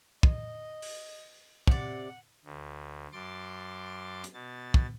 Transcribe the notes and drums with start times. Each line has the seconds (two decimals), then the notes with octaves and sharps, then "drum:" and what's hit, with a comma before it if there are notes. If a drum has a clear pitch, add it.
0.23 D#5, drum: kick
0.82 drum: open hi-hat
1.67 C3 D5 F#5, drum: kick
2.45 D2
3.13 F#2 C6 D6 A6
4.24 drum: hi-hat
4.34 B2 A6
4.74 drum: kick